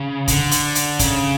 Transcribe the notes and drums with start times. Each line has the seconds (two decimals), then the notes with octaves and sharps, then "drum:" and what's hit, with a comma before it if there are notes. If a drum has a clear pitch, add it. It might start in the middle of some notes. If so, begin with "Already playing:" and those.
Already playing: C#3
0.28 D3, drum: kick, hi-hat
0.51 drum: hi-hat
0.75 drum: hi-hat
0.99 C#3, drum: kick, hi-hat